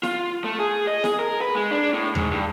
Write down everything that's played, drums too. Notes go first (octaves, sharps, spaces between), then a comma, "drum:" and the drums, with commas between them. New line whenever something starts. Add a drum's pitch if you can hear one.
F4, drum: snare E4
A3
G#4
D#5
G#4, drum: snare E4
A#4
B4
G#3
D4
A2
G#2, drum: tom D#2
G2